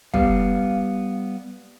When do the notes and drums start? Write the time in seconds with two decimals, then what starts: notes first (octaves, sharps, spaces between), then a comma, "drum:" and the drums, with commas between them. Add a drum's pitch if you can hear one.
0.14 G3 B3 F5, drum: kick